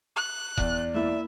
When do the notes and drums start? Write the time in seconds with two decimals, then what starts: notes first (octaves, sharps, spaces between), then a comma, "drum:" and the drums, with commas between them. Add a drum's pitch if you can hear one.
0.16 F#6
0.57 E2 D5, drum: kick F1
0.94 A#3 E4 E5